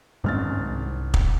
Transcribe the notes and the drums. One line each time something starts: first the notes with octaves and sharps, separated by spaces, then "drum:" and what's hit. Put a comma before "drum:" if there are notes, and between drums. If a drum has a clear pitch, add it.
G#1 G2 G#3 C#4 F6 A6
C2
drum: kick